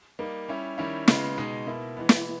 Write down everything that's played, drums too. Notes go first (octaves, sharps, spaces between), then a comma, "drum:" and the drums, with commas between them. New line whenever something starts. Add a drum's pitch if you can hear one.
G3 A#3 D#4
G3 C#4 E4
D#3 G3 C#4 E4
C#3 G#3 B3, drum: snare
B2 G#3 D#4
B2 A#3 E4
E3 G#3 B3
drum: snare